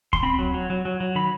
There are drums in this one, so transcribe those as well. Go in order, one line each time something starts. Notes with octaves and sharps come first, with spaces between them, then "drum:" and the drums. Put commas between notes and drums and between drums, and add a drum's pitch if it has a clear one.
C6, drum: kick D2
C4 B5
F#3
F#3
F#3
F#3
F#3
D#3 B5